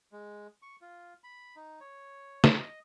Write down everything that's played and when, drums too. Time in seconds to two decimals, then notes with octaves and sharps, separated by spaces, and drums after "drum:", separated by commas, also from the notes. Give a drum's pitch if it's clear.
0.12 G#3
0.62 C#6
0.81 F4
1.24 B5
1.56 D#4
1.81 C#5
2.44 drum: snare
2.59 D#5